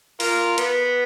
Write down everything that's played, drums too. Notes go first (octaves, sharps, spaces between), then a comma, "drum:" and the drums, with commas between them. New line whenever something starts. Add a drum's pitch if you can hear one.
F4 A#4, drum: open hi-hat
B3, drum: hi-hat